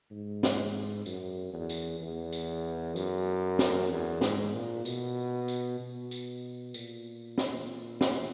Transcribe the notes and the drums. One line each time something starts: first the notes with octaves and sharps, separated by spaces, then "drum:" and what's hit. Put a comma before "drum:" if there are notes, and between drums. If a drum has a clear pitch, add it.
G#2
drum: snare
F#2, drum: tambourine
E2
drum: tambourine
E2
drum: tambourine
F#2, drum: tambourine
drum: snare
E2
G#2, drum: snare
A#2
B2, drum: tambourine
drum: tambourine
B2
drum: tambourine
A#2, drum: tambourine
drum: snare
drum: snare